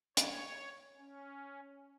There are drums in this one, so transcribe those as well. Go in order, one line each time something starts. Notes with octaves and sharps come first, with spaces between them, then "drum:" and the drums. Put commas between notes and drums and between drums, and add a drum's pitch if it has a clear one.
C#5, drum: hi-hat
C#4